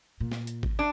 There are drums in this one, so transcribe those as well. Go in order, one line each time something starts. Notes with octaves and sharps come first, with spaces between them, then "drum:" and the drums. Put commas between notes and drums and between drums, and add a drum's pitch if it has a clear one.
A#2
drum: snare
drum: hi-hat
drum: kick G#1
D4